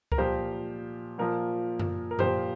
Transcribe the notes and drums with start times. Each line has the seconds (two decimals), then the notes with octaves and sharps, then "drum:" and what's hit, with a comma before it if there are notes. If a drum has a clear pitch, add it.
0.12 A#4, drum: kick C#2
0.18 A#2 F3 G4 C5
1.18 A#2 F3 A#4
1.80 drum: tom F#2
2.11 A#4
2.19 A#2 F3 G4 C5, drum: tom F#2